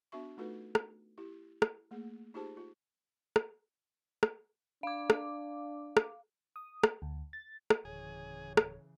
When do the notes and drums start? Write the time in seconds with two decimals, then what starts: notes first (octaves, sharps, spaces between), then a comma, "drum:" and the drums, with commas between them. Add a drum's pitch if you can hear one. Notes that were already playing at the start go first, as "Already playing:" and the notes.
0.12 B3 D4 F#4 E5 C#6
0.37 A3 D#4 F4 F#4 A4 B4
0.75 drum: rim click
1.18 E4 G4
1.62 drum: rim click
1.91 A3 A#3 G#4
2.34 D#4 F4 G4 G#4 C5 A5
2.57 F4
3.36 drum: rim click
4.23 drum: rim click
4.83 D4 F5 D6
5.10 drum: rim click
5.97 drum: rim click
6.56 D#6
6.84 drum: rim click
7.02 D2
7.33 A6
7.70 drum: rim click
7.85 D1 C#3 E3 G#4 C#5
8.57 drum: rim click